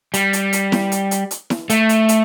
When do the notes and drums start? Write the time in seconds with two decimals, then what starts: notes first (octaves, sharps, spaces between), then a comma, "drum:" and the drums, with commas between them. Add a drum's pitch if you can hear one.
0.14 G3, drum: hi-hat
0.33 drum: hi-hat
0.53 drum: hi-hat
0.72 drum: snare E4
0.92 drum: hi-hat
1.11 drum: hi-hat
1.31 drum: hi-hat
1.50 drum: snare E4
1.70 A3, drum: hi-hat
1.89 drum: hi-hat
2.09 drum: hi-hat